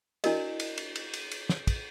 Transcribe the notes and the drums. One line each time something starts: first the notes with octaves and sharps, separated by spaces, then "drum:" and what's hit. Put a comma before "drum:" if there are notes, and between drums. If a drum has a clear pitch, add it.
D4 E4 F#4 A#4 D5 D#5, drum: cymbal
drum: cymbal
drum: cymbal
drum: cymbal
drum: cymbal
drum: cymbal
drum: snare
drum: kick, cymbal